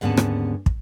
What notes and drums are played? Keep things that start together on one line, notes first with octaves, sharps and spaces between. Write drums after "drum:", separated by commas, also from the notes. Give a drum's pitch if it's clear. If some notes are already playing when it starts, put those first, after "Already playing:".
D#2 G#2 D3 B3 C#4 A5
drum: rim click
drum: kick